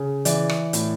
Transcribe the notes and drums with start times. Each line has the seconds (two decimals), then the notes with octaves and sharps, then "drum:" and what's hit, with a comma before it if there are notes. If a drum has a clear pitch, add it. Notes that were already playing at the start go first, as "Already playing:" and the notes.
Already playing: C#3
0.25 E3 D5, drum: hi-hat
0.49 drum: rim click
0.73 A2, drum: hi-hat